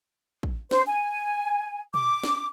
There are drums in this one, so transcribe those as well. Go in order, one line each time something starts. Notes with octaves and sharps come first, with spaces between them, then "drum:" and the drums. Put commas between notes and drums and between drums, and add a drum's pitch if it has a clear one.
drum: kick
C5, drum: snare
G#5
D6, drum: tom
drum: snare